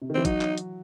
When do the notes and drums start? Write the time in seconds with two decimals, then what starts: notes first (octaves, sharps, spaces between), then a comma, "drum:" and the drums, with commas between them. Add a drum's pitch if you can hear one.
0.02 C3
0.10 D#3
0.14 E3 C4
0.25 F#3 D#4, drum: kick, hi-hat
0.41 drum: clap
0.58 drum: hi-hat